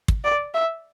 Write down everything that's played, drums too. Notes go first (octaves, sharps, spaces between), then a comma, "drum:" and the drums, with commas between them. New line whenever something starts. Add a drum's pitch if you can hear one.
drum: kick
D5
E5